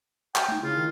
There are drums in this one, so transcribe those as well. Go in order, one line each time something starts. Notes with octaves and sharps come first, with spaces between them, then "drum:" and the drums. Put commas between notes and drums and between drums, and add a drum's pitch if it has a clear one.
E5 F#5 G5 C#6, drum: clap
A3 D#4
C#3 E4 F4
D#3